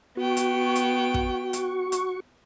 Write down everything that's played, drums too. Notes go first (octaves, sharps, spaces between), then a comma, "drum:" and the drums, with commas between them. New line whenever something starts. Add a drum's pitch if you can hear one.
B3 F#4 G5 C#6
drum: hi-hat
drum: hi-hat
drum: kick
drum: hi-hat
drum: hi-hat